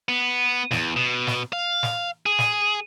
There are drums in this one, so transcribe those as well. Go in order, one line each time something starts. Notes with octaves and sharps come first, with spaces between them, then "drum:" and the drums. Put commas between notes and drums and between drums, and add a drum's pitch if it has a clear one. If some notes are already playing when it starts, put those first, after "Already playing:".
B3
E2, drum: snare
B2
drum: snare
F5
drum: snare
G#4
drum: snare